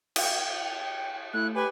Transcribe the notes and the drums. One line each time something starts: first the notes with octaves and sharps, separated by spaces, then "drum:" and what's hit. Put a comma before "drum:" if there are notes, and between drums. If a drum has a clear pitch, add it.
G5, drum: cymbal
A3 E4 F#6
G4 B4 G#5